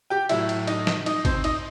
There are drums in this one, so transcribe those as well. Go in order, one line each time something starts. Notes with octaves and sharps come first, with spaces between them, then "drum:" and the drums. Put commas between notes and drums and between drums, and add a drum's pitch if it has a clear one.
G4 G5
A2 F#3 E4 E5, drum: cymbal
drum: cymbal
D#4 D#5, drum: cymbal
drum: snare
D#4 D#5, drum: cymbal
C4 C5, drum: kick G#1, cymbal
D#4 D#5, drum: cymbal